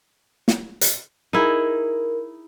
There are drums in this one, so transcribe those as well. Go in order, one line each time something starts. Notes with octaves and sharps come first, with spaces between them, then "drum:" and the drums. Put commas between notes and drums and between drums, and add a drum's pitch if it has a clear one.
drum: snare
drum: hi-hat
D#4 E4 G#4 A#4